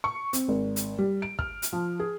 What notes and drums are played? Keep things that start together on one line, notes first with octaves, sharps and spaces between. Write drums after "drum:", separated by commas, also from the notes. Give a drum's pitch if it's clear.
C#6
C4, drum: hi-hat
G#1
drum: hi-hat
G3
D7
F6, drum: kick
drum: hi-hat
F3
G#4